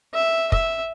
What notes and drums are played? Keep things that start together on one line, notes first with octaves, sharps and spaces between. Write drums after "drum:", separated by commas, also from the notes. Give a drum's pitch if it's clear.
E5
E5, drum: kick